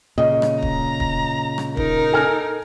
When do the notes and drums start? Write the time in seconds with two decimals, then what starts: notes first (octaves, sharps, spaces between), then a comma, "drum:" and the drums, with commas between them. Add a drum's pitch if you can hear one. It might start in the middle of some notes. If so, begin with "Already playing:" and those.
0.18 A#2 C#3 D#5
0.42 drum: rim click
0.62 A#5, drum: kick
1.00 drum: kick
1.58 drum: rim click
1.77 D#4 A#4, drum: kick
2.12 A4 G#5 F6